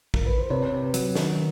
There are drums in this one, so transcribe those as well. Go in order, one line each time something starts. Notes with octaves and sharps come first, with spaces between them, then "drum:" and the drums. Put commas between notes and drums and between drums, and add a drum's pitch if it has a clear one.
A#4, drum: kick
B4
C5
C3 B4 C#5
C3
F#3, drum: hi-hat
D#3, drum: snare